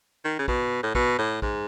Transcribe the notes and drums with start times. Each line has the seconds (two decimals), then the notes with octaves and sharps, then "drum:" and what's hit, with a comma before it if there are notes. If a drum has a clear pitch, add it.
0.24 D#3
0.39 C#3
0.48 B2, drum: kick A#1
0.83 A2
0.95 B2, drum: kick A#1
1.19 A2
1.42 G#2, drum: kick A#1